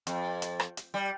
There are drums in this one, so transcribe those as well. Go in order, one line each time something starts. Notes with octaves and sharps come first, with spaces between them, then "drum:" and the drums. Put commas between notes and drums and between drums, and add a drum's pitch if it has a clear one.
F2, drum: hi-hat
drum: hi-hat
drum: rim click
drum: hi-hat
G3